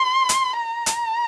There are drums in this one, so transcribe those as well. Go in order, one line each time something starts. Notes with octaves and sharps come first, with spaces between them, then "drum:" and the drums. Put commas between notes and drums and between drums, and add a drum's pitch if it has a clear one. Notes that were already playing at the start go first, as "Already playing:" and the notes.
Already playing: C6
drum: hi-hat
A#5
drum: hi-hat